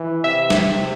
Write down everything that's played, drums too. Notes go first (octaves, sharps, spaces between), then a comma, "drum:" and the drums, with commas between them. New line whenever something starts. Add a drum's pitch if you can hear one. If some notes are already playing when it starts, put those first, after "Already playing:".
Already playing: E3
C3 E5
drum: snare